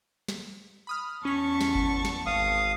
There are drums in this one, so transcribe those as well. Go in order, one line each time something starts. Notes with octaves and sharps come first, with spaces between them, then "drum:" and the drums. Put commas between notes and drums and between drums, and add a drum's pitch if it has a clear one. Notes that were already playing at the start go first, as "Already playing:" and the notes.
drum: snare
B5 D#6 F6
E2 C#4 A5 C#6 B6
drum: snare
drum: kick G1
drum: snare
G#1 F5 D#6